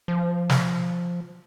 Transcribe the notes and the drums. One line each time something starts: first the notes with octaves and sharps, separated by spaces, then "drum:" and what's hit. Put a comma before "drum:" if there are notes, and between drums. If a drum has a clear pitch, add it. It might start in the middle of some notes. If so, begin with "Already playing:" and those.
F3
drum: snare